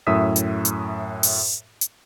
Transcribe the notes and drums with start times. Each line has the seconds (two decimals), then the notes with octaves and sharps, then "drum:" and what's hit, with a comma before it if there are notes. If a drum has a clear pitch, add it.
0.07 F#2 A2 E5 D#6 E6 B6
0.36 drum: hi-hat
0.65 drum: hi-hat
1.23 drum: open hi-hat
1.81 drum: hi-hat